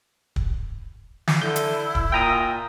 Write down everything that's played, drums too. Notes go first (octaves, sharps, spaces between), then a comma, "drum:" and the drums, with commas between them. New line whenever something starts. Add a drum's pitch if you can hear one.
drum: kick
drum: snare
D3 E4 G6
drum: hi-hat
drum: kick
A#2 G5 A#5 D#6